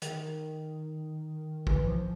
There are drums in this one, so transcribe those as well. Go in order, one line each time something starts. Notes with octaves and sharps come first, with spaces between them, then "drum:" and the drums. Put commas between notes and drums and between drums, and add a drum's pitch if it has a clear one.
D#3, drum: hi-hat
E3, drum: kick
F3